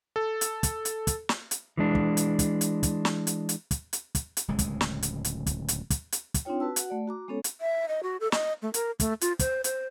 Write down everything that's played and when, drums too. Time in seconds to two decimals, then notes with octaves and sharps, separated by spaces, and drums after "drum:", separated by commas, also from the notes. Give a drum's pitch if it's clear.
0.16 A4
0.41 drum: hi-hat
0.63 drum: kick, hi-hat
0.85 drum: hi-hat
1.07 drum: kick, hi-hat
1.29 drum: snare
1.51 drum: hi-hat
1.77 E3 G#3 D4
1.95 drum: kick
2.17 drum: hi-hat
2.39 drum: kick, hi-hat
2.61 drum: hi-hat
2.83 drum: kick, hi-hat
3.05 drum: snare
3.27 drum: hi-hat
3.49 drum: hi-hat
3.71 drum: kick, hi-hat
3.93 drum: hi-hat
4.15 drum: kick, hi-hat
4.37 drum: hi-hat
4.48 D1 C#2 G#3
4.59 drum: kick, hi-hat
4.81 drum: snare
5.03 drum: hi-hat
5.25 drum: hi-hat
5.46 drum: kick, hi-hat
5.68 drum: hi-hat
5.90 drum: kick, hi-hat
6.12 drum: hi-hat
6.34 drum: kick, hi-hat
6.45 C4 D4 D#4 F4 C#5 G5
6.60 F#4 B4 A5 E6
6.76 F#4 F#5, drum: hi-hat
6.90 A3 D5
7.07 F#4 A#5 D6
7.28 G#3 B3 C#4 A4 C#5
7.44 drum: hi-hat
7.61 E5
7.88 D#5
8.03 F#4
8.20 A4
8.32 D#5, drum: snare
8.62 A3
8.74 A#4, drum: hi-hat
9.00 A3, drum: kick, hi-hat
9.21 F4, drum: hi-hat
9.39 C5, drum: kick, hi-hat
9.64 C5, drum: hi-hat